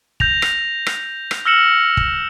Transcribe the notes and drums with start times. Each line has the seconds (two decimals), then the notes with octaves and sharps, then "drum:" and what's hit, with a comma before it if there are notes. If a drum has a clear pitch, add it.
0.20 G6 A#6 F7, drum: kick
0.42 drum: rim click
0.86 drum: rim click
1.31 drum: rim click
1.45 E6 F6 A#6 C#7 E7 F#7
1.97 drum: kick